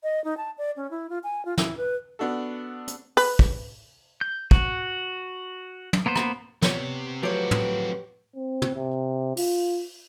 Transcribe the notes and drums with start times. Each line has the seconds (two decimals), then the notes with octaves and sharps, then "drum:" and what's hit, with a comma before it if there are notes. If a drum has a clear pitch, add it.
0.03 D#5
0.24 D#4
0.37 A5
0.58 D5
0.76 C#4
0.91 E4
1.10 F4
1.24 G#5
1.45 F4
1.58 E4, drum: snare
1.77 B4
2.19 B3 D4 F#4 A4
2.88 drum: hi-hat
3.17 B4, drum: open hi-hat
3.39 drum: kick
4.21 G6
4.51 F#4, drum: kick
5.93 drum: tom
6.06 A#3 B3 B4 C5
6.16 drum: rim click
6.62 C3 B3 C#5, drum: snare
7.23 F3 F#3 A3 C4 F#4 G4 B4 C#5
7.51 drum: tom
8.36 C4
8.62 drum: tom
8.75 C3
9.37 F4, drum: open hi-hat